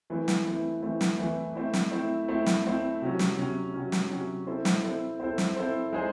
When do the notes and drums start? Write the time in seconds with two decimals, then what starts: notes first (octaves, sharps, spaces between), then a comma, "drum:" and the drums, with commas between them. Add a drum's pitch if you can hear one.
0.10 E3 A3 C4 E4
0.28 drum: snare
0.45 E3 A3 C4 E4
0.82 E3 A3 C4 E4
1.01 drum: snare
1.19 E3 A3 C4 E4
1.55 A3 C4 E4
1.74 drum: snare
1.91 A3 C4 E4
2.28 A3 C4 E4
2.46 drum: snare
2.64 A3 C4 E4
3.02 C3 F#3 C#4
3.19 drum: snare
3.38 C3 F#3 C#4
3.74 C3 F#3 C#4
3.92 drum: snare
4.11 C3 F#3 C#4
4.47 C4 E4 A4 C5
4.65 drum: snare
4.83 C4 E4 A4 C5
5.20 C4 E4 A4 C5
5.38 drum: snare
5.56 C4 E4 A4 C5
5.93 G#3 D#4 G#4 C5